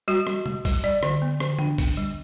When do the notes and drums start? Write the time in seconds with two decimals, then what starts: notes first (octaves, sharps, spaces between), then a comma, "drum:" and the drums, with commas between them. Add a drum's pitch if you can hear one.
0.08 G3 F#4
0.27 G3, drum: rim click
0.46 G3, drum: tom
0.65 G3, drum: kick, open hi-hat
0.84 G3 D5
1.03 D3, drum: rim click
1.22 B3
1.40 D3, drum: rim click
1.59 D4 G5, drum: tom
1.78 B3, drum: kick, open hi-hat
1.97 G3